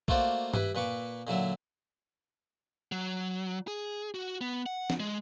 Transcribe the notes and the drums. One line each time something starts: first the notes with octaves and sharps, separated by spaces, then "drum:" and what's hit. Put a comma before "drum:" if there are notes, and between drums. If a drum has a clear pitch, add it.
A3 A#3 F4 F#4 C5 D5, drum: kick B1
G3 E4 B4, drum: tom G2
A#2 B4 C#6 D6
A#2 D3 F#3 E5
F#3
G#4
F#4
B3
F#5
drum: snare
G#3